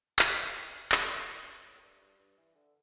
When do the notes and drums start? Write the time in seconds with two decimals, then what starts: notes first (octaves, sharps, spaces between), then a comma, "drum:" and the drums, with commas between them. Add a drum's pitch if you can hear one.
0.19 G3, drum: clap
0.92 G3, drum: clap
1.10 E3
1.29 D3
1.46 C3
1.64 A2
1.83 G2
2.01 G2
2.19 G2
2.38 E3
2.55 D3